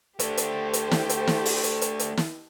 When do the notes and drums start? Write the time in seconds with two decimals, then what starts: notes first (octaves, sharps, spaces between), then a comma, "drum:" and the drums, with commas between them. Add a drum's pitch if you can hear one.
0.19 A3 D4 G4 A4 C5, drum: hi-hat
0.37 drum: hi-hat
0.73 drum: hi-hat
0.91 drum: snare
1.09 drum: hi-hat
1.27 drum: snare
1.45 drum: open hi-hat
1.63 drum: hi-hat
1.81 drum: hi-hat
1.99 drum: hi-hat
2.17 drum: snare